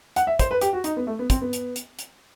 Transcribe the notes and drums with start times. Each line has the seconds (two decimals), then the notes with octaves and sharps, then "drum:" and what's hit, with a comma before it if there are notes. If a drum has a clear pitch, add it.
0.16 F#5, drum: hi-hat
0.27 E5
0.39 C5, drum: kick, hi-hat
0.51 B4
0.61 G4, drum: hi-hat
0.73 F#4
0.84 D#4, drum: hi-hat
0.97 B3
1.07 A3
1.19 B3
1.30 C4, drum: kick, hi-hat
1.41 B3
1.53 drum: hi-hat
1.76 drum: hi-hat
1.99 drum: hi-hat